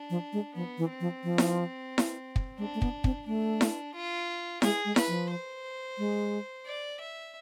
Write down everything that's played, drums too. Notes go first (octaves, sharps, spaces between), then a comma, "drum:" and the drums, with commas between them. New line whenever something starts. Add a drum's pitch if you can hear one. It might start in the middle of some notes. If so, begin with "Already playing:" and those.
Already playing: D4
F3
G#3
F3 B3
E3
C4
F3
F3
drum: snare E4
drum: snare E4
drum: kick
G#3 D4
A3
B3, drum: kick
C4, drum: kick
A3 D4
drum: snare E4
F4
G#3 G#4, drum: snare E4
G#3
B4, drum: snare E4
F3
C5
G#3
D5
E5